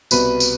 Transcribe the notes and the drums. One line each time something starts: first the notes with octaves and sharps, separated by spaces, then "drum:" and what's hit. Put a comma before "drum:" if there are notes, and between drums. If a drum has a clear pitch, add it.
C2 B2 B4, drum: tambourine
drum: tambourine